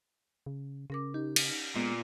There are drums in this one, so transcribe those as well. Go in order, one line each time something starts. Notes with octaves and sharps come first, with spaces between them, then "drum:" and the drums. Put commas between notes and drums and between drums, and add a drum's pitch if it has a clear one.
C#3
C#3 C#4 A#4 D6
D#4 G4
drum: cymbal
A#2 G#3 B3